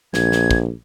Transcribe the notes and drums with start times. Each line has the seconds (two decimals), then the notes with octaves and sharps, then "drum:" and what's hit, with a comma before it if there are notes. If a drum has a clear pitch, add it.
0.14 A#1 G#6, drum: snare
0.32 drum: snare
0.51 drum: kick